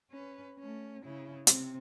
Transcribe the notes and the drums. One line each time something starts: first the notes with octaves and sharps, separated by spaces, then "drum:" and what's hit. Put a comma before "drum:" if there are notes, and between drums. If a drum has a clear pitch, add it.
C#4 B4
A3 C#4
C#3 E4
C3 C4, drum: hi-hat